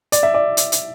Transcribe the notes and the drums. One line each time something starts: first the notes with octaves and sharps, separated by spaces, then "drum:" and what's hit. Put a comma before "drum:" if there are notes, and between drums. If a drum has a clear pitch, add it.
D5, drum: hi-hat
E5
D5
drum: hi-hat
drum: hi-hat